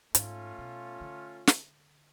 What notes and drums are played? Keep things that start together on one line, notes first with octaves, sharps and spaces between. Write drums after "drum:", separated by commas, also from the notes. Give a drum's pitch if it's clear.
G#2 A3 C#4 F4, drum: hi-hat
B2
D3
drum: snare